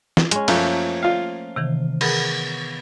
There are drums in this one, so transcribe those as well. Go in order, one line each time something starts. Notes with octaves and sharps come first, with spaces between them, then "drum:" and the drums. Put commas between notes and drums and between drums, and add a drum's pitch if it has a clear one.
drum: snare
G#3 C#4, drum: hi-hat
F#2 F3 A3 A#3, drum: cymbal
F4 F5
C3 D#3 E3
B3 G#4 A#4, drum: cymbal